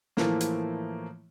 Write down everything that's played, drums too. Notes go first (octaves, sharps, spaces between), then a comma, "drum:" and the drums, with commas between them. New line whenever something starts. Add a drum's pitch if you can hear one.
A2 E3 F3 A3 A#3, drum: snare
drum: hi-hat